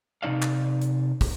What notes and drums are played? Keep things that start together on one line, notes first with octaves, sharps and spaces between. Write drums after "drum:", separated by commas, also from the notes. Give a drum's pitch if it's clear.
C3 A3 D#4 D5 F5
drum: clap
drum: hi-hat
drum: kick, open hi-hat